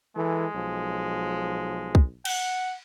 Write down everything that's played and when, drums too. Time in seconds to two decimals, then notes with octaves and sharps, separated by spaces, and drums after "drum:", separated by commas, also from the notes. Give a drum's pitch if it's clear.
0.16 E3 G#3 A4
0.55 B1 F3
1.95 drum: kick
2.25 F#5, drum: cymbal